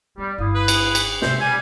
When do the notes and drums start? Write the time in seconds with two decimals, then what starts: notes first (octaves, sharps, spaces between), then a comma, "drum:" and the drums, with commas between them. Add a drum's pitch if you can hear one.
0.18 G3 B3
0.38 G1 E4 F5 D#6
0.55 B4
0.68 drum: cymbal
0.95 drum: cymbal
1.22 C3 G#3 C5 E5, drum: snare
1.40 G3 G#5